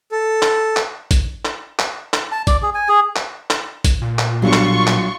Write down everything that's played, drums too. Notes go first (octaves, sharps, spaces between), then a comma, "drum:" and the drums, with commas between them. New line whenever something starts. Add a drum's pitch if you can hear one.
A4
drum: clap
drum: clap
drum: kick A1, hi-hat
drum: clap
drum: clap
drum: clap
A5
D5, drum: kick A1, hi-hat
G#4
G#5
G#4
drum: clap
drum: clap
drum: kick A1, hi-hat
A#2
drum: clap
B1 F#3 G3 D4 F4 C6 C#6
drum: clap
drum: clap